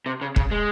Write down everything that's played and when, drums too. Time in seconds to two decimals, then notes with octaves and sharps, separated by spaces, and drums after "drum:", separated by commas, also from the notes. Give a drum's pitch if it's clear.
0.06 C3
0.21 C#3
0.36 C#3, drum: kick
0.51 G#3